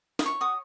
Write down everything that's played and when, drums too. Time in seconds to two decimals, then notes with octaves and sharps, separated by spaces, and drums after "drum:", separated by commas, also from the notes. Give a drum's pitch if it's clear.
0.19 D#6, drum: snare
0.26 C#5 C#6
0.41 F#4 D#6